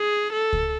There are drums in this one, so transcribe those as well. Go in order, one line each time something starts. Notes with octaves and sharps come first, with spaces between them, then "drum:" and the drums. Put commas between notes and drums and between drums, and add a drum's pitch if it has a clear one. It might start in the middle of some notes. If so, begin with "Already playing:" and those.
Already playing: G#4
A4
drum: kick C#2